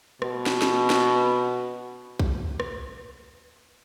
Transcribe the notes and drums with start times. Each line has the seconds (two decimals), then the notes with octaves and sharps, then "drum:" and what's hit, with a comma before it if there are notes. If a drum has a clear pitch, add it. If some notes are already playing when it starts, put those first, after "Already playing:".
0.22 B2, drum: rim click
0.46 drum: snare
0.62 drum: snare
0.90 drum: snare
2.19 drum: kick B1
2.60 drum: rim click